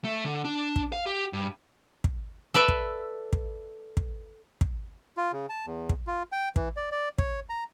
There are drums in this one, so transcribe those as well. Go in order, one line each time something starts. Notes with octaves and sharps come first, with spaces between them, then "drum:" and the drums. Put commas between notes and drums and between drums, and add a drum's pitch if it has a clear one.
A3
D3
D4
drum: kick
F5
G4
G2
drum: kick
A4 B4 D5 E5
drum: kick
drum: kick
drum: kick
drum: kick
F4
C#3
A5
E2
drum: kick
F4
G5
E3, drum: kick
D5
D5
C#5, drum: kick
A#5